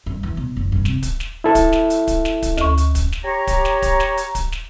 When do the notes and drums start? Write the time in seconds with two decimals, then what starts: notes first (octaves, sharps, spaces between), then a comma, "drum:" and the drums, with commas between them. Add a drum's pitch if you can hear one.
0.06 G2
0.23 E3
0.37 B2
0.57 F#1
0.72 G2
0.85 C3, drum: snare
1.03 drum: kick D1, hi-hat
1.20 drum: snare
1.44 E4 A4 E5
1.55 drum: kick D1, hi-hat
1.73 drum: snare
1.90 drum: hi-hat
2.08 drum: kick D1, hi-hat
2.25 drum: snare
2.42 drum: kick D1, hi-hat
2.57 D2 C#6, drum: snare
2.77 drum: hi-hat
2.95 drum: kick D1, hi-hat
3.12 drum: snare
3.25 G4 C#5 A#5
3.47 drum: kick D1, hi-hat
3.65 drum: snare
3.82 drum: kick D1, hi-hat
4.00 drum: snare
4.17 drum: hi-hat
4.35 drum: kick D1, hi-hat
4.52 drum: snare